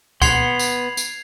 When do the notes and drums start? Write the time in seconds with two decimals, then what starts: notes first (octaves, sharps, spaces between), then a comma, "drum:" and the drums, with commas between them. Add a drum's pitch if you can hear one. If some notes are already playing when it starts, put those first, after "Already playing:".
0.22 B3 F#5 C6 G#6 C7 F7, drum: kick C#2, tambourine
0.59 drum: tambourine
0.97 drum: tambourine